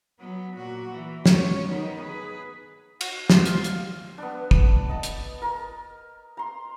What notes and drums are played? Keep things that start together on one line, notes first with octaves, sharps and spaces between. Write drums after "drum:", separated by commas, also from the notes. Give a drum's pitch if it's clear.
F#3 B3
A#2 F#4
E3
C#4 C#5, drum: snare
D#3 B3
G#4 B4
F#4, drum: cymbal
C5, drum: snare
F4, drum: hi-hat
drum: hi-hat
B3 D4
drum: kick
D#5 A5
drum: hi-hat
A#4
A#5 C6